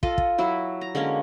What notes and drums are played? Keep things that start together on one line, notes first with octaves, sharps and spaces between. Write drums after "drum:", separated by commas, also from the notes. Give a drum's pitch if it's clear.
F4 A4 D#5, drum: kick
drum: kick
F#3 E4 F#4
A#5
D3 G#3 A#3 C#4